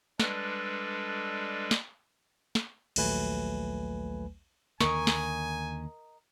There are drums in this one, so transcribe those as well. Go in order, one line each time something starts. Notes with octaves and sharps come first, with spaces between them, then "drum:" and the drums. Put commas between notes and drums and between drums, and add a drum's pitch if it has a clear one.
G3 G#3 D4 A4 B4, drum: snare
drum: snare
drum: snare
A#1 D#2 F#3 A3 B4 G#5, drum: cymbal
D#2 D3 A#4 D#5 G#5 C#6, drum: snare
drum: snare